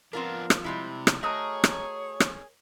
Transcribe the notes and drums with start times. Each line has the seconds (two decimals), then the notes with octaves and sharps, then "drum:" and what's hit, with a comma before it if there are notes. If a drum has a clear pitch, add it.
0.13 F3 B3 C4 D4 F4 A#4
0.50 drum: rim click
0.64 C3 G3 G#3 E4
1.07 drum: rim click
1.23 A3 F#4 G#4 A#4 C#5 D#5 A#5
1.64 drum: rim click
2.20 drum: rim click